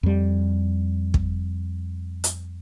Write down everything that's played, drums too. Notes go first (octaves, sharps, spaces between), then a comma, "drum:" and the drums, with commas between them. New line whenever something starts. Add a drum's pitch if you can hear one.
F2 G3
drum: kick
drum: hi-hat